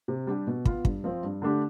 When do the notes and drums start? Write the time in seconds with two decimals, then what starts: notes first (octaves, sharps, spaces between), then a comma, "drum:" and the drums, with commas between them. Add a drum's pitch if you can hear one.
0.08 C3
0.27 G3 D4 G4
0.47 B2
0.65 B3 F4, drum: kick
0.85 G2, drum: kick
1.04 F3 C4
1.23 G2
1.42 D3 A3 D4 G4